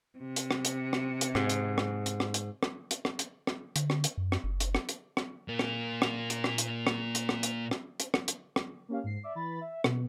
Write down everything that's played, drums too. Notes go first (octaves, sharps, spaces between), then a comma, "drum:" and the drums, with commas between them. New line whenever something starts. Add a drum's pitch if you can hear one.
C3
drum: hi-hat
drum: rim click
drum: hi-hat
drum: rim click
drum: hi-hat
G#2, drum: rim click
drum: hi-hat
drum: rim click
drum: hi-hat
drum: rim click
drum: hi-hat
drum: rim click
drum: hi-hat
drum: rim click
drum: hi-hat
drum: rim click
D3, drum: hi-hat
drum: rim click
drum: hi-hat
F#2
drum: rim click
F#1
drum: hi-hat
drum: rim click
drum: hi-hat
drum: rim click
A#2 A#3
drum: rim click
drum: rim click
drum: hi-hat
drum: rim click
drum: hi-hat
drum: rim click
drum: hi-hat
drum: rim click
drum: hi-hat
drum: rim click
drum: hi-hat
drum: rim click
drum: hi-hat
drum: rim click
A#3 C#4 G4 F5
G#2 C7
D5 E5
E3 B5 A6
E5
B2, drum: rim click